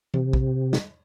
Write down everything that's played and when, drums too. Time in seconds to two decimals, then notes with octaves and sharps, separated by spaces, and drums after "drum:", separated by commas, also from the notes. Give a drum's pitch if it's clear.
0.14 C3, drum: tom E3
0.33 drum: kick
0.73 drum: snare